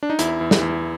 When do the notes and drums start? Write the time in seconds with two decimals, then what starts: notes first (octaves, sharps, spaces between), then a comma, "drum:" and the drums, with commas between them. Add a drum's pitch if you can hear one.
0.03 D4
0.10 D#4
0.19 E2 E4, drum: hi-hat
0.41 E2
0.51 drum: snare
0.61 E2